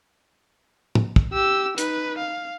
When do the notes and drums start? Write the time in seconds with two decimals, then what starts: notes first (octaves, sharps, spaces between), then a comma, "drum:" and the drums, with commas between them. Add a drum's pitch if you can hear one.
0.95 drum: tom
1.16 drum: kick
1.33 G4 E6
1.78 D#4 B4, drum: hi-hat
2.18 F5